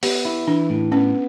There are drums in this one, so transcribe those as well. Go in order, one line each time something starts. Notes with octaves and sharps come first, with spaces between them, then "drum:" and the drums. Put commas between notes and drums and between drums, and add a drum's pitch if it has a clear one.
B3 G4, drum: open hi-hat
E4
E3 D4
A2
B3 C#4